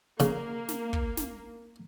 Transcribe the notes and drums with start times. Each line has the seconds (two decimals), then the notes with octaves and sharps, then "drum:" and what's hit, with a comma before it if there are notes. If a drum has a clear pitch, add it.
0.20 C#3 A#3, drum: snare
0.69 drum: snare
0.93 drum: kick
1.17 drum: snare